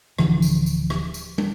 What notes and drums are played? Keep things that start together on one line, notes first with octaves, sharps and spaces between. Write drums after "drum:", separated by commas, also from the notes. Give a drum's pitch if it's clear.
D1 D3 E3 F3, drum: rim click
drum: tambourine
drum: tambourine
drum: rim click
drum: tambourine
drum: tom